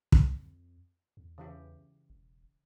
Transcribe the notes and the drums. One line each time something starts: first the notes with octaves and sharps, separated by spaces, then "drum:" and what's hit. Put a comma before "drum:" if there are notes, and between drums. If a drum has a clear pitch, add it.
F2, drum: kick
E2
C#3 E3 G4
E1